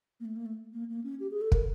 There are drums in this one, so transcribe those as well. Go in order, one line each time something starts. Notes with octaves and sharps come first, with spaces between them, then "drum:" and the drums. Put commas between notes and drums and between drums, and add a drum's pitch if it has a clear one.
A#3
A3
A#3
A3
A#3
A#3
C#4
G4
G#4
A4
A#4, drum: kick